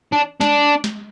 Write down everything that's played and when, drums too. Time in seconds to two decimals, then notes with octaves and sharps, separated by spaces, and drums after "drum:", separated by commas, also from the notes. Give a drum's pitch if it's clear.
0.13 D4
0.41 D4, drum: snare
0.84 drum: snare